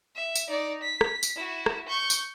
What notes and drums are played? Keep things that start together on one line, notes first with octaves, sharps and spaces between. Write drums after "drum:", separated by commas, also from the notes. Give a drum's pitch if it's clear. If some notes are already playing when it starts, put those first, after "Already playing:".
E5
drum: tambourine
D#4 D5
B6
drum: rim click
drum: tambourine
E4 F#4
drum: rim click
C#6 G6
drum: tambourine